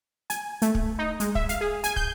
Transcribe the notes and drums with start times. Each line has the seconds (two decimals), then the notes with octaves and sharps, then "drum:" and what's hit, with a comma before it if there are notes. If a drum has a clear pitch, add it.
0.30 G#5, drum: hi-hat
0.62 A3, drum: hi-hat
0.75 drum: kick
0.99 D#4
1.20 G#3, drum: hi-hat
1.35 E5, drum: kick
1.49 F5, drum: hi-hat
1.61 G#4
1.84 G#5, drum: hi-hat
1.96 G6, drum: kick